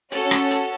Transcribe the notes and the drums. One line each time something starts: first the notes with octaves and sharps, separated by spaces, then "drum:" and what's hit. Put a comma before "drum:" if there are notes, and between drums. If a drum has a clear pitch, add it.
C#4 F#4 A4, drum: hi-hat
drum: rim click
drum: hi-hat